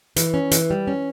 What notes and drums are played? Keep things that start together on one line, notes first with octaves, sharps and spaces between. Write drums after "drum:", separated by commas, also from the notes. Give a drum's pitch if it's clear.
E3, drum: hi-hat
C#4
E3, drum: hi-hat
G3
C#4